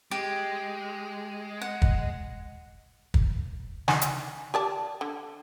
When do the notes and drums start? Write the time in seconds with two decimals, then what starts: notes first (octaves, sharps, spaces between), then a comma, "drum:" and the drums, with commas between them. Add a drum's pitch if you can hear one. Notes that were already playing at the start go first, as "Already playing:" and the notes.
0.11 G#3 G4
1.61 F#5
1.82 drum: kick
3.14 drum: kick
3.88 D#4 F#5 G#5, drum: snare
4.02 drum: hi-hat
4.54 G4 D5 A5
5.01 D3